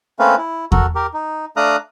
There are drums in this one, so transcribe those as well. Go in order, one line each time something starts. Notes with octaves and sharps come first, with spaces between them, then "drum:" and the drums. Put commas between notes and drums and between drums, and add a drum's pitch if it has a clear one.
A3 A#3 C4 C#4 B4 F5
E4
F#4 A4 A#4, drum: kick E2
G4 A#4
D#4
A3 D4 F5 A#5 D#6 F#6